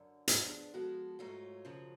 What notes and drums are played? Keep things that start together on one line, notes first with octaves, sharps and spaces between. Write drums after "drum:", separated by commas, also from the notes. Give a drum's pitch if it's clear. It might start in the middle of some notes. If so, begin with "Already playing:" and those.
Already playing: F#2 D3
F3 B3 D4 G#4, drum: hi-hat
F3 G#3 B3 F#4 A4
G#2 F#3 A3 C#4 F4
F#2 C#3 F3